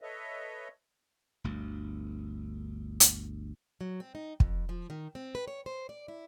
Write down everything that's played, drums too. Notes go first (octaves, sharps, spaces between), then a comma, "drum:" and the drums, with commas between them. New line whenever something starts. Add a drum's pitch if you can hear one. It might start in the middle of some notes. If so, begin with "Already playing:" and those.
A4 B4 C#5 D#5 E5
G1 D2
drum: hi-hat
F#3
C4
D#4
F2, drum: kick
F3
D#3
C4
B4
C#5
C5
D5
E4